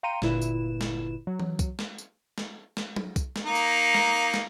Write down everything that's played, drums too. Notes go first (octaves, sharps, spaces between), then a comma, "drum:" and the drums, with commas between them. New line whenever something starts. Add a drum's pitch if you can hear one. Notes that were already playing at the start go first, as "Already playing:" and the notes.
F5 G5 A#5 C6 C#7 D#7
G1 A#2 E4 B4 E7, drum: snare
drum: tambourine
drum: snare
F#3
drum: tom E3
drum: kick, tambourine
drum: snare
drum: tambourine
drum: snare
drum: snare
drum: tom
drum: kick, tambourine
drum: snare
A#3 D#4
drum: tambourine
drum: snare
drum: snare